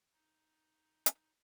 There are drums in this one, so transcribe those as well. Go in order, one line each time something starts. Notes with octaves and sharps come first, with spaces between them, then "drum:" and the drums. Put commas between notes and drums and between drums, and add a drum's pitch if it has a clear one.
D#4
drum: hi-hat